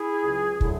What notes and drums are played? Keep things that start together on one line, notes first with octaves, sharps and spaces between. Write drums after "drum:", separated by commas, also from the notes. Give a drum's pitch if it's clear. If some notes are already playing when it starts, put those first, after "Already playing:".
Already playing: E4 G#4
C#2 C#3 F#3
D3 F#3 A3 E4 G#4, drum: kick